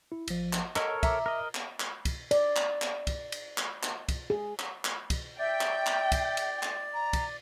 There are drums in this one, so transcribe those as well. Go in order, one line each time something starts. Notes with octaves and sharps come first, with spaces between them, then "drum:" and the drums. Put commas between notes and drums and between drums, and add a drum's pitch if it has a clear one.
E4
A1 F3, drum: cymbal
drum: clap
A4 A#4 C#5 D#5, drum: clap
E5 A#5 D6, drum: kick, cymbal
A#4 D#5
drum: clap
drum: clap
drum: kick, cymbal
D5, drum: cymbal
drum: clap
drum: clap
drum: kick, cymbal
drum: cymbal
drum: clap
drum: clap
drum: kick, cymbal
G#4
drum: clap
drum: clap
drum: kick, cymbal
D5 E5 G5
drum: clap
drum: clap
drum: kick, cymbal
drum: cymbal
drum: clap
A#5
drum: kick, cymbal